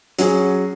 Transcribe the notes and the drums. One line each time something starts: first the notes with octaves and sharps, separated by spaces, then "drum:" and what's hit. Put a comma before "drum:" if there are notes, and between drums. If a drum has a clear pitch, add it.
F#3 C#4 G#4, drum: hi-hat